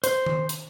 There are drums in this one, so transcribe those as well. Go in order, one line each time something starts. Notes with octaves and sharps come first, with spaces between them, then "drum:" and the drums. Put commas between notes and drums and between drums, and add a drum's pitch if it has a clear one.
C5, drum: hi-hat
drum: tom D#3
drum: hi-hat